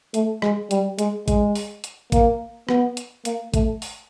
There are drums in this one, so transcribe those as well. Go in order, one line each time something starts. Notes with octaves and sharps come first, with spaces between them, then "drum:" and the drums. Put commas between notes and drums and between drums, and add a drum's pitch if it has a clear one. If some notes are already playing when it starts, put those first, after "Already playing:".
A3, drum: hi-hat
G#3, drum: rim click
G3, drum: hi-hat
G#3, drum: hi-hat
G#3, drum: kick, hi-hat
drum: open hi-hat
drum: hi-hat
A#3, drum: kick, hi-hat
B3, drum: rim click
drum: hi-hat
A#3, drum: hi-hat
A3, drum: kick, hi-hat
drum: open hi-hat